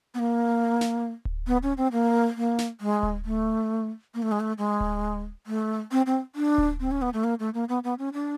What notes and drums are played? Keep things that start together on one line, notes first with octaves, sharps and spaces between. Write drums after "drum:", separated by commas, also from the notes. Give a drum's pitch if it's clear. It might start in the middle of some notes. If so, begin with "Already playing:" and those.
B3
A#3
drum: snare
drum: kick D1
B3
C#4
C4
A#3
A#3
drum: snare
G#3
drum: kick D1
A3
A#3
A3
G#3
A3
G#3
drum: kick D1
A3
C4
C4
D4
drum: kick D1
C4
C#4
B3
A3
A#3
A3
A#3
B3
B3
C#4
D4